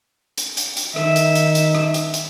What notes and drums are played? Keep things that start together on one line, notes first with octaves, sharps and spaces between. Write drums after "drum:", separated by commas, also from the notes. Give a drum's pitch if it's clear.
drum: hi-hat
drum: hi-hat
drum: hi-hat
D#3 E5, drum: rim click
drum: hi-hat
drum: hi-hat
drum: hi-hat
drum: rim click
drum: hi-hat
drum: hi-hat